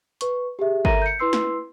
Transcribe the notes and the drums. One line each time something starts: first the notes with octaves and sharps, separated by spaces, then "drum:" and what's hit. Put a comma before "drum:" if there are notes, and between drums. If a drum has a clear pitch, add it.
B4 C#6, drum: hi-hat
G4 G#4 E5
A4 A#4 E5 A#5 A#6 D#7, drum: kick G1
G6 C#7
E4 B4 C6 E6 C7
drum: snare